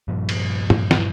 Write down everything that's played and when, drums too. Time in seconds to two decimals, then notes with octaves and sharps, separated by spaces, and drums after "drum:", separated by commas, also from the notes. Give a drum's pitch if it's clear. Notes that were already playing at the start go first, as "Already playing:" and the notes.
0.08 G2 A#2 F3
0.29 drum: cymbal
0.70 drum: tom
0.91 drum: snare